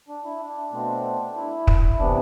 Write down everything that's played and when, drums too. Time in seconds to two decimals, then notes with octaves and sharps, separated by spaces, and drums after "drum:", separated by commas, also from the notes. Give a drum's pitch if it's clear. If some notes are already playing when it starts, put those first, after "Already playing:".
0.08 D4
0.24 E4
0.40 D4
0.72 B2 A3 C4
1.36 E4
1.67 drum: kick
1.99 C3 E3 B3 D4